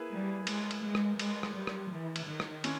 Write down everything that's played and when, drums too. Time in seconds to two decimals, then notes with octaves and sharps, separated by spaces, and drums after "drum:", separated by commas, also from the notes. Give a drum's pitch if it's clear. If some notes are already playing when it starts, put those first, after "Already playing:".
Already playing: A#3 E4 G#4 B4
0.11 G3
0.47 G#3, drum: cymbal
0.71 drum: cymbal
0.82 G#3
0.95 drum: rim click
1.19 G#3, drum: cymbal
1.43 drum: rim click
1.55 G3
1.67 drum: rim click
1.91 E3
2.16 drum: cymbal
2.28 D#3
2.40 drum: rim click
2.64 C#4 E4, drum: cymbal